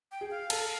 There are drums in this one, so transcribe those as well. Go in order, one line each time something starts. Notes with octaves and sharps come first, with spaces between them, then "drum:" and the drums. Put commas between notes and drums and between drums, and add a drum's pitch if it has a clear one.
G5
G#4
F5
A4, drum: cymbal